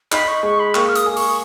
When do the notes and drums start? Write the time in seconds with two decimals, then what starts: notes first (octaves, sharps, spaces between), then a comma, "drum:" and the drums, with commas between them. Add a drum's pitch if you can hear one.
0.12 D#4 B5, drum: clap
0.28 C#6
0.43 G#3 C#6
0.60 B5
0.75 A#3 C#6, drum: clap
0.89 F6
0.96 D#6, drum: hi-hat
1.06 G#4
1.17 C#6, drum: open hi-hat